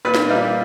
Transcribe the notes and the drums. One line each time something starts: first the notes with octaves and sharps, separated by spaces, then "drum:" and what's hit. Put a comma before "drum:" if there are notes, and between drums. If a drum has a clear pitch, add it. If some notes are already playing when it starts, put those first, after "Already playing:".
A#2 B4
drum: snare
G3 A#3